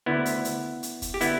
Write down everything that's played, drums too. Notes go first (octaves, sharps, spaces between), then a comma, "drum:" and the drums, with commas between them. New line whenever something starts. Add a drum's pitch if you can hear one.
D2 D3 B3 E4
drum: hi-hat
drum: hi-hat
drum: hi-hat
drum: kick, hi-hat
G4
D3 B3 E4, drum: hi-hat